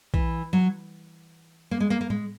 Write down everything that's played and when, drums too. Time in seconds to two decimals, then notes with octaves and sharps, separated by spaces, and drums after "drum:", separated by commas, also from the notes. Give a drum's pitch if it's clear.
0.14 E3, drum: kick
0.53 F#3
1.71 A#3
1.80 G#3
1.90 A#3
2.01 A#3
2.10 G#3, drum: tom A2